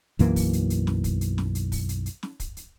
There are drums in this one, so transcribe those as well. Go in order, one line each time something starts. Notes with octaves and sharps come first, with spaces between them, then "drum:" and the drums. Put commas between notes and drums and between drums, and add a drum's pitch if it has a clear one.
B1 F#2 E3 A#3, drum: hi-hat
drum: kick, open hi-hat
drum: hi-hat
drum: hi-hat
drum: snare
drum: kick, hi-hat
drum: hi-hat
drum: snare
drum: hi-hat
drum: kick, open hi-hat
drum: hi-hat
drum: hi-hat
drum: snare
drum: kick, hi-hat
drum: hi-hat